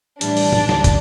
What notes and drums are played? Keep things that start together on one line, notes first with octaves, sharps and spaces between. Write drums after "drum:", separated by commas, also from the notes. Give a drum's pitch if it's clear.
A2 E3 G3 D4, drum: hi-hat
drum: open hi-hat
drum: tom A2
D2 D3, drum: snare
drum: kick, hi-hat